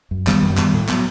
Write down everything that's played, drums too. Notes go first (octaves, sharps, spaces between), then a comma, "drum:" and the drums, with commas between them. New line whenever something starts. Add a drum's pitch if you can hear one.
F#2
D#3 G3 B3, drum: clap
F#2
D#3 G3 B3, drum: clap
A2
F#3 B3, drum: clap